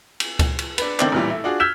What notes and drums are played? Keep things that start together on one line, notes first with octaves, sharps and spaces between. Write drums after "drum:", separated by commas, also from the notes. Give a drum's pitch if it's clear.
drum: cymbal
drum: kick C#2, cymbal
drum: cymbal
D4 B4, drum: cymbal
D#3 A3 C4 D4, drum: clap
A1 A#2 E3 G3
A3 E4
D4 F4 F#4 G#4
E6 F6 G6 G#6 B6 E7